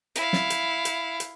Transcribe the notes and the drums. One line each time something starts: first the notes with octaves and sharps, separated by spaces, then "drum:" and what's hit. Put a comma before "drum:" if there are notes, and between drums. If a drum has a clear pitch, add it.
E4 F5, drum: hi-hat
drum: snare
drum: hi-hat
drum: hi-hat
drum: hi-hat